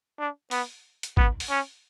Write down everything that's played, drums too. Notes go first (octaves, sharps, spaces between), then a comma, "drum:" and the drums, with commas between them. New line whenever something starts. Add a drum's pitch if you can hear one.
D4
B3, drum: open hi-hat
drum: hi-hat
B3, drum: kick G#1
drum: open hi-hat
C#4